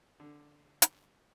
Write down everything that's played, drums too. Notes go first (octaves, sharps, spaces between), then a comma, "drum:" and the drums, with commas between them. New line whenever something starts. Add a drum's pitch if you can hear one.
D3
drum: hi-hat